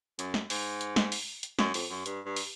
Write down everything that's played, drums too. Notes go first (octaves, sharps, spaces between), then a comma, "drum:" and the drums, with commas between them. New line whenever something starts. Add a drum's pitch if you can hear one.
F#2, drum: hi-hat
drum: snare
G#2, drum: open hi-hat
drum: hi-hat
drum: snare
drum: open hi-hat
drum: hi-hat
F#2, drum: snare
F2, drum: open hi-hat
F#2
G2, drum: hi-hat
G2
drum: open hi-hat